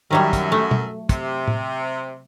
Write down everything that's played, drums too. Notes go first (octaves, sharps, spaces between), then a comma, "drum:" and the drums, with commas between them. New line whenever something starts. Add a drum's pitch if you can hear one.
F#2 D#3 F#3 G3 E5
drum: kick, hi-hat
A3
drum: tom B2
C3, drum: kick, hi-hat
drum: tom A2